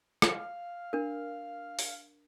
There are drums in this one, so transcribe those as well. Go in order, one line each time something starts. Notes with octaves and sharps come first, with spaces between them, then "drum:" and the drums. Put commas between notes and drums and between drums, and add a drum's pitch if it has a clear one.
F5, drum: rim click
D4 A#4
drum: open hi-hat